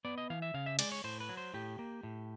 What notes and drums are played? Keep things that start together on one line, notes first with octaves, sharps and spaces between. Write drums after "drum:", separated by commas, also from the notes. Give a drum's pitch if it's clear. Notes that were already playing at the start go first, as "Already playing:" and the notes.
B3 D5
D#5
E3 F5
E5
C#3 F5
E5
G#3 D5, drum: cymbal
C#5
A2 C5
B4
F#3
C5
A2 G4
A#3
A2